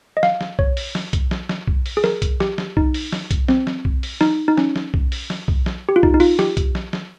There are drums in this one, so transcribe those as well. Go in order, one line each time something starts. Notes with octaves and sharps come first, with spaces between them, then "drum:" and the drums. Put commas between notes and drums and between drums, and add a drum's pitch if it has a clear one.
D#5
F5, drum: snare
drum: snare
C#5, drum: kick
drum: open hi-hat
drum: snare
drum: kick, hi-hat
drum: snare
drum: snare
drum: kick
drum: open hi-hat
G#4
A#4, drum: snare
drum: kick, hi-hat
G4, drum: snare
drum: snare
D#4, drum: kick
drum: open hi-hat
drum: snare
drum: kick, hi-hat
C4, drum: snare
drum: snare
drum: kick
drum: open hi-hat
D#4, drum: snare
D#4
C#4, drum: snare
drum: snare
drum: kick
drum: open hi-hat
drum: snare
drum: kick
drum: snare
G4
F4
D#4, drum: kick
D#4
F4, drum: open hi-hat
G4, drum: snare
drum: kick, hi-hat
drum: snare
drum: snare